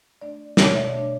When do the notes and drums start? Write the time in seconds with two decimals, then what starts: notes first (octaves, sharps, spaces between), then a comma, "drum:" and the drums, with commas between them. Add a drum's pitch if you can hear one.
0.21 A3 D4 D5
0.57 B2 C#5, drum: snare
0.75 E5
0.84 D5
0.93 A3 D4 C#5